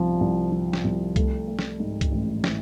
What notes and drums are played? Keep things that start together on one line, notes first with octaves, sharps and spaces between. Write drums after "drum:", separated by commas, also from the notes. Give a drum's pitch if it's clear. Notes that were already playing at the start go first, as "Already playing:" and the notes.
Already playing: C2 C3 F3
C2
F3
drum: snare
C2
A3, drum: kick C2, hi-hat
A3
drum: snare
G#2
drum: kick C2, hi-hat
A1
E3, drum: snare